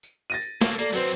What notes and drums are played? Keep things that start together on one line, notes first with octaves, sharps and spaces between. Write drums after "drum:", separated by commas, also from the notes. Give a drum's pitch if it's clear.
drum: tambourine
A6 A#6 D#7
drum: tambourine
A3 A#3, drum: snare
A#3 A4 D5, drum: tambourine
F#3 C4 F#4 B4 C5